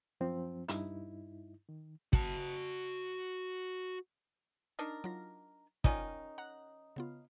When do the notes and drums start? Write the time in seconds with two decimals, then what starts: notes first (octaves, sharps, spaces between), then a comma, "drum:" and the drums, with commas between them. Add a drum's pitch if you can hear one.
0.21 F#2 F3 C4
0.68 G2 D#4 E4, drum: hi-hat
1.69 D#3
2.13 F#4 A5, drum: kick
4.79 D4 D#4 A#4
5.04 F#3 F4 A#6
5.84 D#3 C#4 D#4 F4 D5 D#7, drum: kick
6.38 F#5 A#5 F#6
6.96 C#3 B3 F4